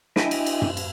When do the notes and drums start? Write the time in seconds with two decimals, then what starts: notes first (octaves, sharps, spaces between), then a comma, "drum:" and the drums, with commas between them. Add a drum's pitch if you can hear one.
0.16 D4 E4 D#5 E5 G5 G#5, drum: snare
0.31 drum: cymbal
0.46 drum: cymbal
0.62 drum: tom F#2
0.77 drum: cymbal